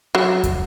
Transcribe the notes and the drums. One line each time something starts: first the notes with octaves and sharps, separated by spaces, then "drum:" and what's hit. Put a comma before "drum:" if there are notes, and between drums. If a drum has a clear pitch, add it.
F#3
drum: kick, hi-hat